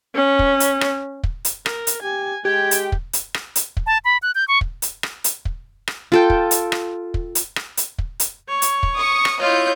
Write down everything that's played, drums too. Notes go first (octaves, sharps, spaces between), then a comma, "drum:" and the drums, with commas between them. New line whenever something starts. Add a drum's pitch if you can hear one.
C#4
drum: kick
drum: hi-hat
drum: rim click
drum: kick
drum: hi-hat
A#4, drum: rim click
drum: hi-hat
G4 G#5
G#3 G4 G5 G#6
drum: hi-hat
drum: kick
drum: hi-hat
drum: rim click
drum: hi-hat
drum: kick
A5
B5
F#6
G6
C#6
drum: kick
drum: hi-hat
drum: rim click
drum: hi-hat
drum: kick
drum: rim click
F4 A4 G5
drum: kick
drum: hi-hat
drum: rim click
drum: kick
drum: hi-hat
drum: rim click
drum: hi-hat
drum: kick
drum: hi-hat
C#5
drum: hi-hat
drum: kick
C#6 D#6
drum: rim click
E4 F4 C#5 D#5 G6